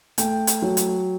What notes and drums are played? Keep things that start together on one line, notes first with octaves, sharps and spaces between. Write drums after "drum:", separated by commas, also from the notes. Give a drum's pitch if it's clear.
A3 G5, drum: hi-hat
drum: hi-hat
F#3
drum: hi-hat